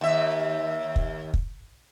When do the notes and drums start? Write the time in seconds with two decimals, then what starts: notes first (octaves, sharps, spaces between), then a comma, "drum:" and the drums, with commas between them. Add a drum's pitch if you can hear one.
0.01 D#2 E5
0.96 drum: kick
1.34 drum: kick